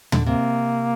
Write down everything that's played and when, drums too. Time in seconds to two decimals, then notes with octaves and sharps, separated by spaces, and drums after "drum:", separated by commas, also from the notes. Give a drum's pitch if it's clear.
0.12 D3, drum: tom
0.26 C3 A#3